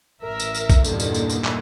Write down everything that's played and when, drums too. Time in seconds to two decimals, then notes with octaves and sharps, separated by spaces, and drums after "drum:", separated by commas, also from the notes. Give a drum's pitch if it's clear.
0.22 A1 A#4 E5
0.39 drum: tambourine
0.55 drum: tambourine
0.70 drum: kick A#1, tambourine
0.85 E2 G2 A#2 D3 D#3, drum: tambourine
1.00 drum: tambourine
1.15 drum: tambourine
1.30 drum: tambourine
1.45 drum: clap